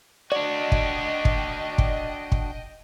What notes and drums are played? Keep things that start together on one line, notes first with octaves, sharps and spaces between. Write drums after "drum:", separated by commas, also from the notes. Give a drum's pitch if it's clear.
D4 F#4 D5 D#5 G5
drum: kick
drum: kick
drum: kick
drum: kick